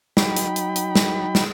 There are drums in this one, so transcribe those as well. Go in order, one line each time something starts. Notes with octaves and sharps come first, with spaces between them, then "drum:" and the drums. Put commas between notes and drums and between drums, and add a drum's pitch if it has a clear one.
F#3 D#4 G5 B5, drum: snare
drum: hi-hat
drum: hi-hat
drum: hi-hat
drum: snare
drum: snare